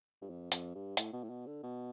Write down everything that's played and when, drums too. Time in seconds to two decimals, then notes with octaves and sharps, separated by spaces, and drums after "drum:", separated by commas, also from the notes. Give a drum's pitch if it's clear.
0.22 G2
0.30 F2
0.52 F2, drum: hi-hat
0.75 G2
0.97 A2, drum: hi-hat
1.13 B2
1.23 A2
1.30 B2
1.47 D3
1.63 B2